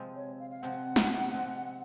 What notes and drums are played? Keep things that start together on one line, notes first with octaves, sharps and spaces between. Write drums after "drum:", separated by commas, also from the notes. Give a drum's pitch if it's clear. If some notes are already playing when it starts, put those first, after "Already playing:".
Already playing: C3 F3 G#3 C4
C#5
F5
F5
C3 F3 G#3 C4 F#5
drum: snare
C3 F3 G#3 C4